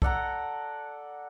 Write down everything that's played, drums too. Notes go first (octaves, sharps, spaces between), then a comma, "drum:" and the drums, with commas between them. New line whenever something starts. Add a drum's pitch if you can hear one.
A4 D5 F#5 A#5, drum: kick